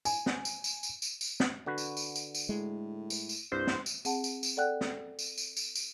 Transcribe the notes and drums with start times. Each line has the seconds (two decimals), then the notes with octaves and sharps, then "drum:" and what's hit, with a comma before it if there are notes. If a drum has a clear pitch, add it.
0.05 G#5, drum: tambourine
0.26 drum: snare
0.45 drum: tambourine
0.64 drum: tambourine
0.83 drum: tambourine
1.02 drum: tambourine
1.21 drum: tambourine
1.40 drum: snare
1.66 D3 F#4 B4
1.78 drum: tambourine
1.97 drum: tambourine
2.16 drum: tambourine
2.35 drum: tambourine
2.49 A2 G#3
3.10 drum: tambourine
3.29 drum: tambourine
3.52 C2 G2 C5
3.67 drum: snare
3.86 drum: tambourine
4.05 C4 G#4 F#5 A5, drum: tambourine
4.24 drum: tambourine
4.43 drum: tambourine
4.57 A4 D5 F#5 G5 F#6
4.81 drum: snare
5.19 drum: tambourine
5.38 drum: tambourine
5.57 drum: tambourine
5.75 drum: tambourine